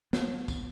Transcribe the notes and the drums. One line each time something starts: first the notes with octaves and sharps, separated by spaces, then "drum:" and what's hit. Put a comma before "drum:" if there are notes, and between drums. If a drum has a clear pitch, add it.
B3, drum: snare
drum: kick, tambourine